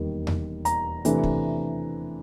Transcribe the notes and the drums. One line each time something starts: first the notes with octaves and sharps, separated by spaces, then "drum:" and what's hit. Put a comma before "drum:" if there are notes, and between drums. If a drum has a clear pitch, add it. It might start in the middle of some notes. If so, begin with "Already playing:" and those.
Already playing: E1 D#2 D#3 G3
drum: tom E2
A#5, drum: hi-hat
C3 E3 A3 D4, drum: hi-hat
drum: kick